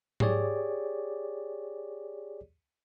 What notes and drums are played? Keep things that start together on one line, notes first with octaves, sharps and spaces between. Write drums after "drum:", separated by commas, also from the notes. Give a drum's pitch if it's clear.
G4 G#4 C#5 D5, drum: tom G#2